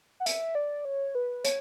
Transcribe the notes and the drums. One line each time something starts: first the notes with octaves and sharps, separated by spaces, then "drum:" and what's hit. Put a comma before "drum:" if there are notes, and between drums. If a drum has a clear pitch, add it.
F#5
E5, drum: hi-hat
D5
C#5
B4
C#5, drum: hi-hat